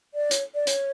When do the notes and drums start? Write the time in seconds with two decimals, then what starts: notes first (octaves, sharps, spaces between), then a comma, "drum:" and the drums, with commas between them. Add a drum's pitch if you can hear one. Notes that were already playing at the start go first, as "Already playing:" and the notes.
0.14 D5
0.31 C#5, drum: hi-hat
0.55 D5
0.67 C#5, drum: hi-hat